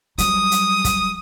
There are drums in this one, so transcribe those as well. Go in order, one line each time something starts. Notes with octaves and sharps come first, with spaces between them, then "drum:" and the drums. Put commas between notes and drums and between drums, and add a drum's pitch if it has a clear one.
F#3 G3 D#6, drum: hi-hat
drum: hi-hat
drum: kick, hi-hat